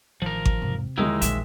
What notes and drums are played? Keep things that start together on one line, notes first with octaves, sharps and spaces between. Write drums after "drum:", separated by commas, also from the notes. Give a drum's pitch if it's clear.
A1 D#3 F3 A#4
drum: kick G#1
E1 G#2 C3 G#3
D#2 D3 F3 G3 G#3 D#4 E4
A#1 E3 E5, drum: hi-hat